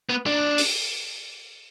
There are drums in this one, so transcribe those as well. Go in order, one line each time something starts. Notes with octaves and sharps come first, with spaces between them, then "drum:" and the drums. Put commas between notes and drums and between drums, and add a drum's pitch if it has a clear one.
B3
D4
drum: open hi-hat